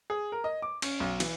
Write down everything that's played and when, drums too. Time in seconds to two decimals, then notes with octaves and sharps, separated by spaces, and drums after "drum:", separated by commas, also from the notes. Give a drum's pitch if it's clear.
0.10 G#4
0.32 A#4
0.44 D#5
0.62 D6
0.82 C#4, drum: cymbal
1.00 B1
1.20 E3, drum: cymbal